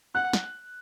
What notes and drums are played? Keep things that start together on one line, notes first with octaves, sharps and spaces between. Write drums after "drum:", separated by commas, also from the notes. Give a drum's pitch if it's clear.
F#5 F#6
drum: snare